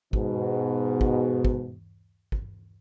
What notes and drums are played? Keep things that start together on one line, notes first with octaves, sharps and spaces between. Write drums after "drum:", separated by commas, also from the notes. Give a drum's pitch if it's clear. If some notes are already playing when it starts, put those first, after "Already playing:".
G#2 B2, drum: kick
drum: kick
drum: kick
drum: kick